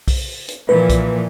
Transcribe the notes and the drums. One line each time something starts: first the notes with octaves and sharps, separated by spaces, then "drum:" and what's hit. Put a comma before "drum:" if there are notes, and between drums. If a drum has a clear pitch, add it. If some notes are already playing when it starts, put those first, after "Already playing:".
drum: kick B1, open hi-hat
drum: hi-hat
A#2 E3 F3 B4
drum: kick B1, hi-hat